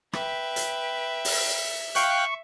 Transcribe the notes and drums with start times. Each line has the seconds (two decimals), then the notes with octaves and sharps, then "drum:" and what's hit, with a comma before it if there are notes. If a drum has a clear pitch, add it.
0.13 B4 E5 G5, drum: rim click
0.56 drum: hi-hat
1.25 drum: open hi-hat
1.95 F5 G5 C#6 F#6, drum: hi-hat